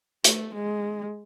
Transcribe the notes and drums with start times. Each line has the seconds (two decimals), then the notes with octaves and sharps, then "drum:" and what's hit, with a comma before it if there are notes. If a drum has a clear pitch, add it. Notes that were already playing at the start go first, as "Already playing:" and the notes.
0.24 A3, drum: hi-hat
0.54 G#3